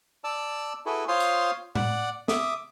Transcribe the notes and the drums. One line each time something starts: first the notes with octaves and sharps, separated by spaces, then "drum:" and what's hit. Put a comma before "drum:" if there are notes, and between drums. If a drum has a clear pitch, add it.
D5 A5 E6
E4 F#4 G#4 A4 B4
F4 C5 C#5 F5 C6 D#6
drum: tambourine
D5 F#5, drum: tom A2
E5 D6 D#6, drum: snare